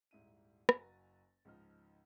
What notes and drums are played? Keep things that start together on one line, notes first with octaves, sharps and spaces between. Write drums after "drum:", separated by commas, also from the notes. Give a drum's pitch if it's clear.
D#1 G#2 E4 D#7
F#1 F#4 G#5 A#5 A6 A#6, drum: rim click
C#2 G#2 F3 D#4 F6